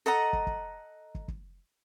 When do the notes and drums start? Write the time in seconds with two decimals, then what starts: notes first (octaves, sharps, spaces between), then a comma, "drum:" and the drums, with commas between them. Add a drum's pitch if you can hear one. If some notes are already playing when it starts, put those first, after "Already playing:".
0.06 A4 D#5 F#5 A#5
0.33 drum: kick
0.47 drum: kick
1.15 drum: kick
1.28 drum: kick